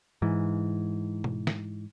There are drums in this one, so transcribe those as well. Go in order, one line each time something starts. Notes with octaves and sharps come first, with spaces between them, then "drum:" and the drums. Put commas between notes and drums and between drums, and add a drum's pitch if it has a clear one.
G#2 E3
drum: tom B2
drum: snare